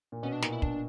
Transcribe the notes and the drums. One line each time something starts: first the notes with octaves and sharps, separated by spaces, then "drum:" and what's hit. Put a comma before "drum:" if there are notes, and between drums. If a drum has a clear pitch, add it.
A#2
B2 C#4
D4
A#2 D#4, drum: snare
E4
D4, drum: kick